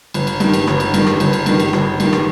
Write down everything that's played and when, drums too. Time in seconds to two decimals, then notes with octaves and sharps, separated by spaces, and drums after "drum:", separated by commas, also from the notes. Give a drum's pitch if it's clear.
0.14 G1, drum: cymbal
0.27 drum: cymbal
0.40 G2 D#3, drum: cymbal
0.54 drum: cymbal
0.67 G1, drum: rim click
0.80 drum: cymbal
0.94 G2 D#3, drum: cymbal
1.07 drum: rim click
1.20 G1, drum: cymbal
1.33 drum: cymbal
1.46 G2 D#3, drum: cymbal
1.60 drum: cymbal
1.73 G1, drum: rim click
2.00 G2 D#3, drum: cymbal
2.13 drum: rim click